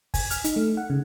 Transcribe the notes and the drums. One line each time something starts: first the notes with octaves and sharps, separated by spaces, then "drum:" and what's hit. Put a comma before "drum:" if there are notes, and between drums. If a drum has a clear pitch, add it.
G#5, drum: kick, open hi-hat
F6, drum: hi-hat
D#4, drum: hi-hat
A3
F#5
C#3